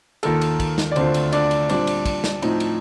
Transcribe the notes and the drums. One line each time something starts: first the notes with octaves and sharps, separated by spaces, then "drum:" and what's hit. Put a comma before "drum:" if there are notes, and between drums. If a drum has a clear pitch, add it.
D#2 D#3 A#3 F4 A4, drum: cymbal
drum: cymbal
drum: kick, cymbal
drum: snare
D5
D2 D3 A3 C4 D4 F4 C5, drum: cymbal
drum: cymbal
D4 D5, drum: cymbal
drum: cymbal
A#2 G3 C4 D4 D5, drum: cymbal
drum: cymbal
drum: kick, cymbal
drum: snare
A2 F3 C4 D#4, drum: cymbal
drum: cymbal